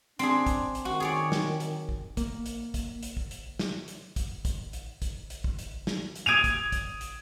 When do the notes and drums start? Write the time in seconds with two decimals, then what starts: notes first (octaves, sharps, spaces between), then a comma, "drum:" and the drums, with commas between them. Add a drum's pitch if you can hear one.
0.19 C4 D4 G#4, drum: hi-hat
0.46 drum: kick, hi-hat
0.75 drum: hi-hat
0.85 D#3 F#4
1.00 G#4 C#5 D5
1.32 drum: snare
1.60 drum: hi-hat
1.89 drum: kick
2.17 A#3, drum: kick, hi-hat
2.46 drum: hi-hat
2.74 drum: kick, hi-hat
3.03 drum: hi-hat
3.17 drum: kick
3.31 drum: hi-hat
3.59 drum: snare
3.88 drum: hi-hat
4.16 drum: kick, hi-hat
4.45 drum: kick, hi-hat
4.73 drum: hi-hat
5.02 drum: kick, hi-hat
5.30 drum: hi-hat
5.44 drum: kick
5.59 drum: hi-hat
5.87 drum: snare
6.16 drum: hi-hat
6.26 D#6 G#6 D7 D#7 F7
6.44 drum: kick, hi-hat
6.72 drum: kick, hi-hat
7.01 drum: hi-hat